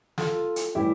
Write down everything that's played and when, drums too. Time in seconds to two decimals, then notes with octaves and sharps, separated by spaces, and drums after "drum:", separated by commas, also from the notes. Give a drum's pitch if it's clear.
0.18 F4 A4, drum: snare
0.56 drum: hi-hat
0.75 A2 E3 G3 E4 G4